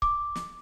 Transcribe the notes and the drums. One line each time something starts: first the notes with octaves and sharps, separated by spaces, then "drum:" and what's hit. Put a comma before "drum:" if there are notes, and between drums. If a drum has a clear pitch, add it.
D6, drum: kick C#1
drum: snare